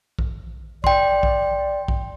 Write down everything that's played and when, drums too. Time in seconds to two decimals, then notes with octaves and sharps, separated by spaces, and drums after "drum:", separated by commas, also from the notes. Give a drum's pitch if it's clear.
0.19 drum: kick A#1
0.84 D5 G5 C6, drum: kick A#1
1.23 drum: kick A#1
1.88 drum: kick A#1